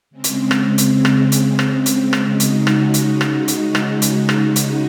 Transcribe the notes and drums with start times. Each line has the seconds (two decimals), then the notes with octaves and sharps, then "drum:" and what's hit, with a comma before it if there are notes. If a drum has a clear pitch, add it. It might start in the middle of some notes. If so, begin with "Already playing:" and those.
0.11 C#3 G#3 C4
0.24 drum: hi-hat
0.51 drum: rim click
0.78 drum: hi-hat
1.05 drum: rim click
1.32 drum: hi-hat
1.59 drum: rim click
1.86 drum: hi-hat
2.13 drum: rim click
2.26 C#3 G#3 D#4 F#4
2.40 drum: hi-hat
2.67 drum: rim click
2.94 drum: hi-hat
3.21 drum: rim click
3.48 drum: hi-hat
3.75 drum: rim click
4.02 drum: hi-hat
4.29 drum: rim click
4.56 drum: hi-hat